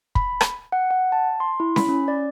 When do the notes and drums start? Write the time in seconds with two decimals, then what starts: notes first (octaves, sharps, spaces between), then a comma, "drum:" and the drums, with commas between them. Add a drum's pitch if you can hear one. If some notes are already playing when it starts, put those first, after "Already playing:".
0.15 B5, drum: kick
0.41 drum: rim click
0.72 F#5
0.91 F#5
1.12 A5
1.40 C6
1.60 E4
1.76 B5, drum: snare C#4
1.89 C#4
2.08 D5